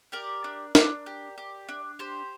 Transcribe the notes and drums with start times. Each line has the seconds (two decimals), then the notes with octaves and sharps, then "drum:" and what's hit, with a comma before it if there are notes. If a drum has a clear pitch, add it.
0.12 G4 A#4 D5
0.44 D4
0.75 D4, drum: snare
1.06 G4
1.38 G4
1.69 D4
1.99 G4 C5